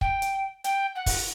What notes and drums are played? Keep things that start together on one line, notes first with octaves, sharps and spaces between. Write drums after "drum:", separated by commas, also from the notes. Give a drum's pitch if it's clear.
G5, drum: kick
drum: hi-hat
G5, drum: hi-hat
F#5
drum: kick, open hi-hat